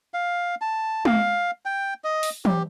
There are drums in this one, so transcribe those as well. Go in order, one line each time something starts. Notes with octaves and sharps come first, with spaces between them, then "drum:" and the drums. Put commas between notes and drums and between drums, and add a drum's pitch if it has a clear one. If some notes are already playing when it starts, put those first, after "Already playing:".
F5
A5
F5, drum: tom G#3
G5
D#5
drum: open hi-hat
G4, drum: tom E3